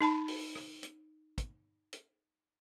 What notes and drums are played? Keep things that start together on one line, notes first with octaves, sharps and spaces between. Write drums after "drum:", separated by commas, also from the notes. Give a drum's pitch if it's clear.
D#4 A5 B5
drum: open hi-hat
drum: rim click
drum: hi-hat
drum: kick, hi-hat
drum: hi-hat